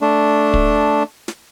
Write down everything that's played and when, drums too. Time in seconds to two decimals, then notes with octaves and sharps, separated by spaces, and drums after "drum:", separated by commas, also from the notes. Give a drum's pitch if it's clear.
0.01 A3 D4
0.54 drum: kick
1.28 drum: snare